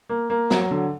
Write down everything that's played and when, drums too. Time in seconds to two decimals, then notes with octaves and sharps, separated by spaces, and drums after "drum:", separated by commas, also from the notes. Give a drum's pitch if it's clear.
0.09 A#3
0.30 A#3
0.50 F#3, drum: snare
0.71 D3